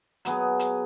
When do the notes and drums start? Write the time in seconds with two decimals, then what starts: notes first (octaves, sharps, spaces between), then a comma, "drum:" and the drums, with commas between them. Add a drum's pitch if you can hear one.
0.25 F#3 B3 G#4, drum: hi-hat
0.59 drum: hi-hat